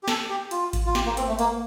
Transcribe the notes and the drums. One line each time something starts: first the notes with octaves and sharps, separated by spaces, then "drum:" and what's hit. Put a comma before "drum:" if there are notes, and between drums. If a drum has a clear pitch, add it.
G4
A4, drum: snare
G4
F4, drum: hi-hat
drum: kick A1, hi-hat
F4
G4, drum: snare
A#3
C4, drum: hi-hat
A3
A#3, drum: hi-hat